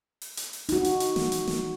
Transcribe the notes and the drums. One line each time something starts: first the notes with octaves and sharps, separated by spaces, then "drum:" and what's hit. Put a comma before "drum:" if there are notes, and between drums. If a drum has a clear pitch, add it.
drum: open hi-hat
drum: hi-hat
drum: open hi-hat
D#4 F#4, drum: hi-hat
drum: hi-hat
drum: hi-hat
drum: snare
drum: hi-hat
drum: snare